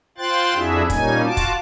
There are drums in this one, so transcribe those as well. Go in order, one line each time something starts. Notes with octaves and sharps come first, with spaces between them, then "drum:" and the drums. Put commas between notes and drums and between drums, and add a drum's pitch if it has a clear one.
F4 C5 G5 C6 F#6 A6
F2 D4 E4 F#4 G#4 E5
A#2 G3 A#3 C#4 D#4 G#5, drum: kick, hi-hat
F4 F#4 A5 D6
drum: kick, hi-hat